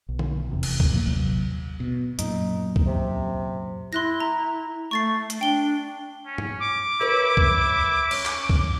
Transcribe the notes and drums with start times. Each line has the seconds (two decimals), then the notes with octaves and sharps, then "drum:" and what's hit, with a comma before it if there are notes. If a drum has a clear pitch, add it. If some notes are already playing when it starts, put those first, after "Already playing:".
0.09 B1
0.19 drum: tom D3
0.51 F1 E2 C3
0.63 drum: cymbal
0.80 drum: kick
0.91 A#2 F3 F#3 A#3
1.07 A1 D#2 C3 F#3
1.80 B2
2.19 F#2 A#2 D#4, drum: hi-hat
2.76 drum: kick
2.87 C3
3.93 E4 C6 F#6 A#6
4.20 A#5
4.91 A3 C#6 A6 C7
5.30 drum: hi-hat
5.41 D4 G5 G7
6.26 C#4
6.38 drum: tom G#2
6.60 D6
7.01 E4 A#4 B4 C#5
7.37 drum: kick
8.11 C#4, drum: cymbal
8.26 drum: clap
8.50 drum: kick